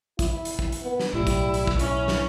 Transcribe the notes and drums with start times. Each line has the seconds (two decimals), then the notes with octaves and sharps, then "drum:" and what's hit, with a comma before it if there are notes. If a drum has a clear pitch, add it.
0.19 E4, drum: kick, hi-hat
0.45 drum: hi-hat
0.59 drum: kick
0.72 drum: hi-hat
0.82 B3
1.00 drum: snare
1.13 B1 A2 G3 E4
1.27 drum: kick, hi-hat
1.54 drum: hi-hat
1.67 drum: kick
1.79 C#4 E4, drum: hi-hat
2.08 drum: snare